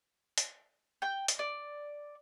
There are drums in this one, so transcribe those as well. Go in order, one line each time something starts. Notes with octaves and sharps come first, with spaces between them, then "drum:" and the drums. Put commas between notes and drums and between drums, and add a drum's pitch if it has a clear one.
drum: hi-hat
G5 G6
drum: hi-hat
D5